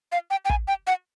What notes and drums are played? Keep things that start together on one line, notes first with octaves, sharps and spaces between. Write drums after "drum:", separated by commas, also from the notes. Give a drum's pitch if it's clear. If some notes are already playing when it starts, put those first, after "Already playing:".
F5
G5
G5
G#5, drum: kick
G5
F#5